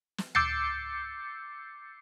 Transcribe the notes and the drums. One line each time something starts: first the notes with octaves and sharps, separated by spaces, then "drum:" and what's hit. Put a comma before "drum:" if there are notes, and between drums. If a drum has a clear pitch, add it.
drum: snare
D6 E6 G6 A6 C7 C#7, drum: tom D2